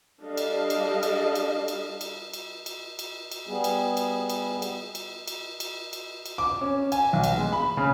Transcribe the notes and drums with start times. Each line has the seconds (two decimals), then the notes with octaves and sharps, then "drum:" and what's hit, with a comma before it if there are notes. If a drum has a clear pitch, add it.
0.23 G3 D4 A4 D#5 F5
0.37 drum: cymbal
0.70 drum: cymbal
1.03 drum: cymbal
1.35 drum: cymbal
1.68 drum: cymbal
2.01 drum: cymbal
2.33 drum: cymbal
2.66 drum: cymbal
2.99 drum: cymbal
3.31 drum: cymbal
3.48 G3 B3 G#4
3.64 drum: cymbal
3.97 drum: cymbal
4.30 drum: cymbal
4.62 drum: cymbal
4.95 drum: cymbal
5.28 drum: cymbal
5.60 drum: cymbal
5.93 drum: cymbal
6.26 drum: cymbal
6.38 D6
6.61 C#4
6.92 G#5, drum: cymbal
7.13 B1
7.24 drum: cymbal
7.38 G#3
7.53 B5
7.77 C#3